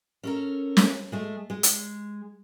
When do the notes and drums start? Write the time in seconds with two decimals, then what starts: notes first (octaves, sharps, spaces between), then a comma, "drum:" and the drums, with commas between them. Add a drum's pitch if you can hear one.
0.23 C#4 A4 A#4
0.77 drum: snare
1.12 G#3 A3
1.50 G#3
1.63 drum: hi-hat